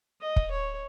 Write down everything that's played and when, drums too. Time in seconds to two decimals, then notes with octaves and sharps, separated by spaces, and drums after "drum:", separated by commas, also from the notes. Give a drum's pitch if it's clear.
0.22 D#5
0.36 drum: kick
0.51 C#5